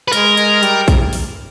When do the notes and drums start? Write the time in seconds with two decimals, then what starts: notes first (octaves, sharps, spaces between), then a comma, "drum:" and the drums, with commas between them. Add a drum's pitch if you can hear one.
0.08 B4
0.13 G#3 A#4, drum: hi-hat
0.37 G#3, drum: hi-hat
0.63 G3, drum: hi-hat
0.88 drum: kick, hi-hat
1.13 drum: open hi-hat